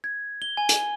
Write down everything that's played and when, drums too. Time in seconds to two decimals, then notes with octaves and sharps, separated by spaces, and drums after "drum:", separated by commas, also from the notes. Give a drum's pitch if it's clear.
0.04 G#6
0.42 G7
0.57 G#5
0.69 drum: hi-hat